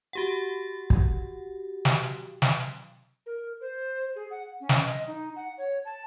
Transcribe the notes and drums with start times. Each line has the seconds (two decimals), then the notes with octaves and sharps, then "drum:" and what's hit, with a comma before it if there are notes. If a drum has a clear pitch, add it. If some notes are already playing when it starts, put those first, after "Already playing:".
0.13 F#4 G4 F#5
0.90 drum: kick
1.85 drum: snare
2.42 drum: snare
3.26 A#4
3.61 C5
4.16 G#4
4.31 F#5
4.60 C#4
4.69 drum: snare
4.84 D#5
5.07 D#4
5.36 F#5
5.58 C#5
5.85 A5